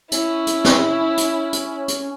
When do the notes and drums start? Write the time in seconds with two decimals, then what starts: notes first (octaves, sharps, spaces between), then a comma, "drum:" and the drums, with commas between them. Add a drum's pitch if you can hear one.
0.12 C#4 E4, drum: hi-hat
0.47 drum: hi-hat
0.65 drum: snare
1.18 drum: hi-hat
1.53 drum: hi-hat
1.88 drum: hi-hat